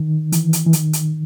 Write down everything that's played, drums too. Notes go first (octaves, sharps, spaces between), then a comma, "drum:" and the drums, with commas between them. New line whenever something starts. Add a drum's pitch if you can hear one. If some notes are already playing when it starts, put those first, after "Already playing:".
Already playing: D#3
E3, drum: hi-hat
drum: hi-hat
E3
D#3, drum: hi-hat
drum: hi-hat